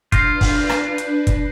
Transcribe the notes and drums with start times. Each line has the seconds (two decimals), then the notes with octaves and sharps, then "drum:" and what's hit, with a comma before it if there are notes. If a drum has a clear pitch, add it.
0.12 D4 F4 B4 G6 A#6 C7, drum: kick, hi-hat
0.41 drum: kick, open hi-hat
0.70 drum: rim click
0.98 drum: hi-hat
1.27 drum: kick, hi-hat